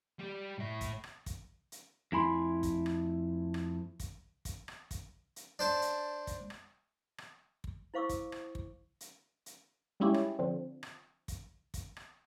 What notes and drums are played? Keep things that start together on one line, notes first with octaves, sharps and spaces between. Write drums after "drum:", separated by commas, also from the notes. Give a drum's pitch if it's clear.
G3 G4
A2 E5
drum: kick, hi-hat
drum: rim click
drum: kick, hi-hat
drum: hi-hat
F2 A3 E4 G#5 B5 C6
drum: kick, hi-hat
drum: rim click
drum: rim click
drum: kick, hi-hat
drum: kick, hi-hat
drum: rim click
drum: kick, hi-hat
drum: hi-hat
D4 C5 A5
drum: hi-hat
drum: kick, hi-hat
drum: rim click
drum: rim click
drum: kick
E4 C5 F5 C#6 D6 E6
drum: kick, hi-hat
drum: rim click
drum: kick
drum: hi-hat
drum: hi-hat
G3 G#3 C#4 E4 F4 G4
drum: rim click
D3 F3 C4
drum: rim click
drum: kick, hi-hat
drum: kick, hi-hat
drum: rim click